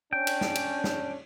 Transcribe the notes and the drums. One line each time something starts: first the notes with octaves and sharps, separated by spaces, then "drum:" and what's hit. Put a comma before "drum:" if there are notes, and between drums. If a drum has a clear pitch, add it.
C#4 D4 G5
drum: cymbal
drum: snare
drum: cymbal
drum: snare